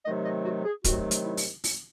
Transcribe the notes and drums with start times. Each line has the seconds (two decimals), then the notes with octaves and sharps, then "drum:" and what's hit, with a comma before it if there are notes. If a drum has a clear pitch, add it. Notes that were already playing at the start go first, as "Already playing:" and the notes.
0.05 C3 D#3 F#3 A3 D#5
0.25 D#5
0.45 F#4
0.65 G#4
0.84 C3 D#3 F#3 A3 F#4, drum: kick, hi-hat
1.11 drum: hi-hat
1.24 E4
1.37 drum: open hi-hat
1.64 drum: open hi-hat